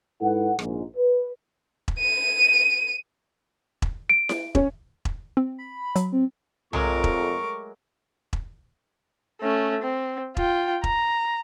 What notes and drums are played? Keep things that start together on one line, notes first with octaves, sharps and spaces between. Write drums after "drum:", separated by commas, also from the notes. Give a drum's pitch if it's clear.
G#2 E4 A4 B4 F#5
A#1 G#2, drum: rim click
B4
drum: kick E1
D#7
drum: kick E1
D7
drum: snare E4
C#4, drum: kick E1
drum: kick E1
C4
B5
F#3, drum: hi-hat
C4
F2 F#3 G#3 A3 A#4 C#6 D6, drum: tom
drum: kick E1
drum: kick E1
A3 C#4
C4
F4 G5, drum: kick E1
A#5, drum: kick E1